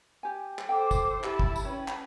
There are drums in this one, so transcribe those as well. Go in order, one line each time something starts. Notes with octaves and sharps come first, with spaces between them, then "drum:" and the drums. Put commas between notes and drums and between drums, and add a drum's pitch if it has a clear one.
G4 G#5
drum: clap
A4 C5 G5 D6
drum: kick, tambourine
E4 G4 A5, drum: clap
drum: kick
drum: tambourine
C#4 B4 C#5 G5
drum: clap